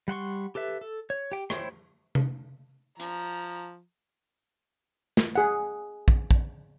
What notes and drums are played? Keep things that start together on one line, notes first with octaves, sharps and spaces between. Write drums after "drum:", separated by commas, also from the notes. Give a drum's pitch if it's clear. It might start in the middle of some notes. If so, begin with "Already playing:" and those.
G3 F#5 C6 C#6
G4 A4 B4 E5
A4
C#5
G4 G5, drum: tambourine
E4 C5 C#5 G5 C6, drum: rim click
drum: tom C3
F3 A#5, drum: hi-hat
drum: snare
G#4 F#5
drum: kick
drum: kick